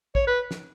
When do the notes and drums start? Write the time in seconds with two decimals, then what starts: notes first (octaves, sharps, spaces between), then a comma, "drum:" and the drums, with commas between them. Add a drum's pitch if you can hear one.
0.15 C#5, drum: kick
0.27 B4
0.51 drum: snare